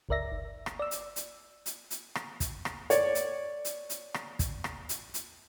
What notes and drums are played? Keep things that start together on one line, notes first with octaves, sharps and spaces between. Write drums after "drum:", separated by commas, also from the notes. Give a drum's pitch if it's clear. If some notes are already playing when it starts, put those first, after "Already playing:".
G1 C#2 A#4 D5 E5 A#6
G1
drum: rim click
D5 E6
drum: hi-hat
drum: hi-hat
drum: hi-hat
drum: hi-hat
drum: rim click
drum: kick, hi-hat
drum: rim click
C#5 D5, drum: hi-hat
drum: hi-hat
drum: hi-hat
drum: hi-hat
drum: rim click
drum: kick, hi-hat
drum: rim click
drum: hi-hat
drum: hi-hat